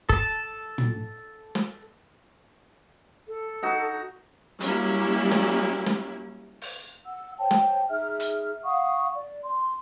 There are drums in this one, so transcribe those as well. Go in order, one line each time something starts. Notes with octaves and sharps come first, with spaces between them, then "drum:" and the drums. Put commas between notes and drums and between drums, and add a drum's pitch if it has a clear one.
A4 A5, drum: kick
drum: tom
drum: snare
A4
D#4 F#4
F#3 G3 A#3 C#4 E4, drum: hi-hat
drum: snare
drum: snare
drum: open hi-hat
F#5 E6
C5 C#5 G5 A5
drum: snare
D#4 G#4 E5 F6
drum: hi-hat
F5 F#5 C#6 D#6
D5
C6